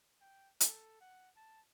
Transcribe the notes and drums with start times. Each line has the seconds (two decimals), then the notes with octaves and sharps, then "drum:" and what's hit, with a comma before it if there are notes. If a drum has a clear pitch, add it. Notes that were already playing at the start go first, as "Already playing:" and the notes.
0.21 G5
0.60 A4, drum: hi-hat
1.01 F#5
1.36 A5